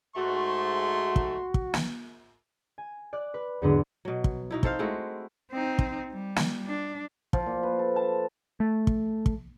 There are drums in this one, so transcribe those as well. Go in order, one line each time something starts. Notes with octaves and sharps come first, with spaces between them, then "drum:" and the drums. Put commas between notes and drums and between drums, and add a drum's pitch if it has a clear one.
G#2 A3 F#4 C6
drum: kick
drum: kick
drum: snare
G#5
D5 F#6
B4
E2 G#2 D3 F#3 B3 D4
B2 F#3
drum: kick
B2 D#4 E4
C4 A4 C5 F5, drum: kick
G#3 A3 E4 F#4
C4 D#4
drum: kick
G3
drum: snare
D4
F3, drum: kick
A#2
B4
A4
A5
A3
drum: kick
drum: kick